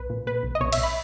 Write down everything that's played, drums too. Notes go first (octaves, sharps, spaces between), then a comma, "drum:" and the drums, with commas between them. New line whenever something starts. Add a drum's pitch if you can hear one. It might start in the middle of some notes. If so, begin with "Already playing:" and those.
Already playing: B1 B4
A#2
A#2 B4
B1
D#5
B1 C#5
E5, drum: cymbal
B1
B5